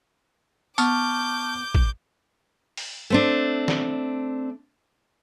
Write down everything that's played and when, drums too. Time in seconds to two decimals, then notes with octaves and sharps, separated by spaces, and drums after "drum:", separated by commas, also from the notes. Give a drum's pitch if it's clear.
0.78 B3 A5 C#6 D6 F6 G6, drum: tambourine
1.75 drum: kick A1
2.77 drum: open hi-hat
3.10 A3 C4 D4
3.68 drum: snare